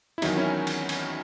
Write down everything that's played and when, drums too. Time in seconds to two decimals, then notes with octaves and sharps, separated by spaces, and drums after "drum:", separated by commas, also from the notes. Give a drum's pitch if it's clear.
0.18 E4
0.22 E2 D#3 F#3 D#4, drum: cymbal
0.37 C#4 E4
0.67 drum: cymbal
0.89 drum: cymbal